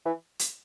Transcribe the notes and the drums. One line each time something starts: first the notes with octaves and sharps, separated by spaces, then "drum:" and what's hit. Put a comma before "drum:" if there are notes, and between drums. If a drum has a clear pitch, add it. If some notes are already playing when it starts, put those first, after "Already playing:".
E3
drum: hi-hat